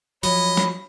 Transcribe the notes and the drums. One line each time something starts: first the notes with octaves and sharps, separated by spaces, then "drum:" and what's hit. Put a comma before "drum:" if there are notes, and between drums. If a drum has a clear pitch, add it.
F3 F#3 C#5 D#5 B5, drum: hi-hat
drum: snare